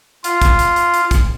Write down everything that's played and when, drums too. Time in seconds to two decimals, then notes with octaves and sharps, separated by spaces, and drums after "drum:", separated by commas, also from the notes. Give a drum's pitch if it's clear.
0.24 F4, drum: hi-hat
0.42 drum: kick, hi-hat
0.59 drum: hi-hat
0.76 drum: hi-hat
0.94 drum: hi-hat
1.11 drum: kick, hi-hat